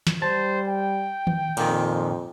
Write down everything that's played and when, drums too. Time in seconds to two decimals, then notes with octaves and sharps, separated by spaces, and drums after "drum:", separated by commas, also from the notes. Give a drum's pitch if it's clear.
0.07 drum: snare
0.22 G3 C5 A5
0.68 G5
1.27 drum: tom D#3
1.57 F2 A#2 D#3, drum: cymbal